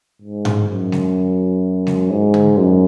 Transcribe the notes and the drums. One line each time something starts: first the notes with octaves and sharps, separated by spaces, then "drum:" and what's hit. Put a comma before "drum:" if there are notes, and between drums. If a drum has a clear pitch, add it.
G#2
drum: tom G#2
F#2
drum: snare G#3
drum: snare G#3
G#2
drum: tom
F#2